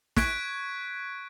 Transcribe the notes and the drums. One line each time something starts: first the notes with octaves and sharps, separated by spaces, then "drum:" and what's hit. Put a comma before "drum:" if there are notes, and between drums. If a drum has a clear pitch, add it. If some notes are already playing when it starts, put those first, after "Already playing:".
C#6 F#6 G#6 B6 D7, drum: snare